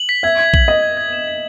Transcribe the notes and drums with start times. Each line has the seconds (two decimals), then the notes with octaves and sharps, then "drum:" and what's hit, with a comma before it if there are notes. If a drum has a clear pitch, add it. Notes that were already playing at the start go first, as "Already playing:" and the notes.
Already playing: F#7
0.09 B6
0.23 E5 G#6
0.39 G#6
0.54 F#7, drum: kick A#1
0.68 D#5 B6
0.82 G#6
0.97 G#6
1.13 E7
1.28 B6